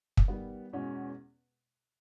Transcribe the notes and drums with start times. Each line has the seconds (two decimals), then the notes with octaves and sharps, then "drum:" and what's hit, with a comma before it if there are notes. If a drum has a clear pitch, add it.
0.17 drum: kick
0.28 D#3 G3 B3
0.73 E2 B2 G#3 C#4 F#4